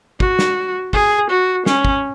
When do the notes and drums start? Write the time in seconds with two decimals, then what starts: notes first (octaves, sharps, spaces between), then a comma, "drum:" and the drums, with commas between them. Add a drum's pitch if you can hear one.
0.20 F#4, drum: kick
0.39 drum: snare
0.93 G#4, drum: kick
1.30 F#4
1.66 C#4, drum: snare
1.85 drum: kick